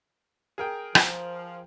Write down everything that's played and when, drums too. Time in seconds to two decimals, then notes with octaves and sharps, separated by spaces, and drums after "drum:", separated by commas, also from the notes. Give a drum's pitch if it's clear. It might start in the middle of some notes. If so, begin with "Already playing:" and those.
0.58 G#4 A#4 G5
0.95 F3, drum: rim click